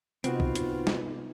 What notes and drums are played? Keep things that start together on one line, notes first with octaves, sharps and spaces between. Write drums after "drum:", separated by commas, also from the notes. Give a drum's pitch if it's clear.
C3 B3 C4 D#4 F4 F#4, drum: hi-hat
drum: kick B1
drum: hi-hat
drum: snare